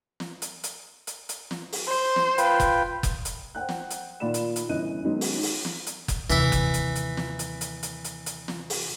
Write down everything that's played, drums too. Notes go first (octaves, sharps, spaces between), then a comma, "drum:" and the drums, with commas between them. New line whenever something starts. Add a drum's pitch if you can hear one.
drum: snare
drum: hi-hat
drum: hi-hat
drum: hi-hat
drum: hi-hat
drum: snare
drum: open hi-hat
C5
drum: snare
F4 B4 G5, drum: hi-hat
drum: kick F#1, hi-hat
drum: kick F#1, hi-hat
drum: hi-hat
C5 F#5 G5 F#6
drum: snare
drum: hi-hat
A#2 D#3 F4 D5 B5 E7
drum: hi-hat
drum: hi-hat
G1 E3 C#4 D#5 F#6 D#7
D#3 F#3 G#3 B3 C#4 D#4
drum: open hi-hat
drum: open hi-hat
drum: snare
drum: hi-hat
drum: kick F#1, hi-hat
D#2 C3 E3 E4, drum: hi-hat
drum: kick F#1, hi-hat
drum: hi-hat
drum: hi-hat
drum: snare
drum: hi-hat
drum: hi-hat
drum: hi-hat
drum: hi-hat
drum: hi-hat
drum: snare
drum: open hi-hat